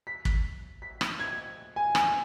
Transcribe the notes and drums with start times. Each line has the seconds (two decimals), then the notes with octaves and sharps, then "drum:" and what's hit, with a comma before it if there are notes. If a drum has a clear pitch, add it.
0.07 B6
0.25 drum: kick
0.82 B6
1.01 drum: rim click
1.19 G#6
1.76 G#5
1.95 G#5, drum: rim click